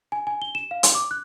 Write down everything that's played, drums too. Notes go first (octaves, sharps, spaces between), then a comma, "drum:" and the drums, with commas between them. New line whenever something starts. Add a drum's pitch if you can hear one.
G#5
G#5
G7
E7
F5
C6, drum: hi-hat
D6
F#6